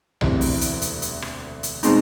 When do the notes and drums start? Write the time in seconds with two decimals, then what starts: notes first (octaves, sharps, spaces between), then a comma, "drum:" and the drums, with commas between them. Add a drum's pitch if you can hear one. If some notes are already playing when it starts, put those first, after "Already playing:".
0.21 E1 D2 C3 E3, drum: tom B1
0.41 drum: open hi-hat
0.61 drum: hi-hat
0.82 drum: hi-hat
1.02 drum: hi-hat
1.22 drum: rim click
1.63 drum: hi-hat
1.83 B2 G#3 C4 D#4, drum: hi-hat